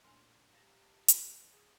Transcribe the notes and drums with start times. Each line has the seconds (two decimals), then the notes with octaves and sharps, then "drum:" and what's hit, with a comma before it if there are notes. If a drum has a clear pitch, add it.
0.04 A#1 F#2 A2 D4 A#4 G#5 C6
0.53 G4 F5 A5 A#5
1.08 drum: hi-hat
1.52 G#4